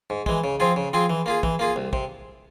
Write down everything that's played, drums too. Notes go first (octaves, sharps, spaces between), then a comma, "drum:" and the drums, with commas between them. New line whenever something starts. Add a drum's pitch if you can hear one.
G#2
E3 G#3, drum: kick
C#3
F3 C4 F4 G#4
C#3
F3 C4 F4 G#4
E3
A#3 F4 G#4
E3, drum: kick
A#3 F4 G#4
C2
C3, drum: kick